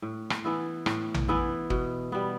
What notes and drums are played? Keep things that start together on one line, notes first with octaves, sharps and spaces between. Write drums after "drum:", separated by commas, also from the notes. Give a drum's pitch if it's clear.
A2
drum: rim click
E3 B3 E4
A2, drum: rim click
drum: tom A#1
E3 B3 E4
B2, drum: kick
G3 B3